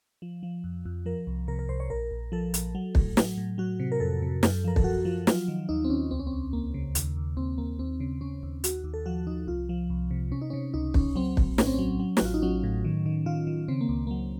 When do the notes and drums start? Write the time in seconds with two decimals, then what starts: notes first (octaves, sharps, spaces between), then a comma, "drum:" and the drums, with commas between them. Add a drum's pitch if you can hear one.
0.22 F3
0.43 F3
0.64 F2
0.86 F2
1.06 F3 A#4
1.27 C2
1.48 C3 A#4
1.59 A#4
1.69 C2 C5
1.80 C#5
1.90 A#1 A#4
2.11 A#1
2.32 F3 A4
2.54 A#1, drum: hi-hat
2.75 F#3
2.95 A2, drum: kick
3.17 F#3, drum: snare
3.38 A2
3.58 F#3 F#4
3.80 C3
3.92 A#4
4.00 F2 A4
4.22 C3
4.43 F#2, drum: snare
4.64 F3 A#4
4.76 A4, drum: kick
4.84 F#2 F#4
5.05 F3
5.27 F#3 F4, drum: snare
5.48 D#3
5.69 D#2 D#4
5.84 C4
5.90 D#2 C#4
6.11 C#2 C4
6.19 C#4
6.27 C4
6.33 C#2
6.53 C#2 A#3
6.74 C#3
6.95 D#2, drum: hi-hat
7.17 D#2
7.37 D#2 C4
7.58 D#2 A#3
7.79 D#2 C4
8.00 C#3
8.21 C#3 C#4
8.43 D#2
8.64 D#2 F#4, drum: hi-hat
8.84 D#2
8.94 A4
9.06 F3 F#4
9.27 F3 D#4
9.47 C2 F4
9.69 F3
9.90 C2
10.11 C3
10.31 C3 C#4
10.41 D#4
10.50 C3 C#4
10.74 C#2 D#4
10.94 C#2 C#4, drum: kick
11.15 F#3 C4
11.37 A#1, drum: kick
11.58 A2 C#4, drum: snare
11.67 C4
11.74 F#3 C#4
12.00 F#3
12.17 F#4, drum: snare
12.21 A1 F4
12.34 D#4
12.42 F#3 C#4
12.63 A2
12.85 D#3
13.06 D#3
13.26 D#3 F4
13.47 D#3
13.68 C#3 C4
13.81 A#3
13.89 C#2
14.07 F#3 A#3